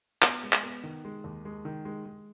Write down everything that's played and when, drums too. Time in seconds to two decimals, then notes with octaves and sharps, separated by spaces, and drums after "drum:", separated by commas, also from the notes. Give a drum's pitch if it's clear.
0.22 B3, drum: clap
0.43 G#3
0.53 drum: clap
0.63 B3
0.84 D#3
1.05 G#3
1.24 D#2
1.45 G#3
1.65 D#3
1.85 G#3
2.05 G#3